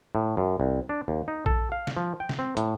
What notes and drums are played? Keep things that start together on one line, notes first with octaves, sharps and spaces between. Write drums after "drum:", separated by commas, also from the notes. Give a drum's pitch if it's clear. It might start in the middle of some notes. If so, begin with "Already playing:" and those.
A2
F#2
C2
D4
D#2
D#4
A4, drum: kick A#1
F5
drum: snare
F3
G5
drum: snare
C4
A2, drum: hi-hat